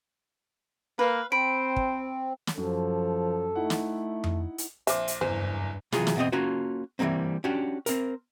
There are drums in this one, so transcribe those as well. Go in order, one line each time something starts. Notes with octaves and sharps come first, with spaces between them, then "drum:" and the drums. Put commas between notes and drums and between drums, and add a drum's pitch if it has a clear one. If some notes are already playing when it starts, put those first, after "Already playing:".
A#3 B4 F5
C4 C5 B5 D7
drum: kick
drum: snare
F#2 F3 A4
A3 D#4 E4 F#5
drum: snare
drum: tom F2
drum: hi-hat
A#1 C5 E5 D6, drum: hi-hat
drum: hi-hat
F#1 E2 G2 C5
C3 E3 F#3 F4 G#4, drum: snare
drum: snare
E2 B2 D#3 C4 D#5
A#3 C#4 F4 F#4
E3 F3 G3 A#3 C4
C#4 D4 F#4 G4
C4 A#4, drum: hi-hat